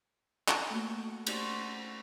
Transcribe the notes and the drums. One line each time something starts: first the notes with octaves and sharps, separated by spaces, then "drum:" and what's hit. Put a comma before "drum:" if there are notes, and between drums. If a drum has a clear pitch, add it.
drum: clap
A3 A#3 F#4
C#4 G4 C5 D5 F#5 C6, drum: cymbal